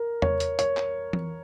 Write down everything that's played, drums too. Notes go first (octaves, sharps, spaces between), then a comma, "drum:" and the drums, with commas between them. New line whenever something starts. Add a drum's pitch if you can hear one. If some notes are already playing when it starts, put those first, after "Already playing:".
Already playing: A#4
C#5, drum: tom E2
drum: hi-hat
C#5, drum: hi-hat
drum: clap
drum: tom E3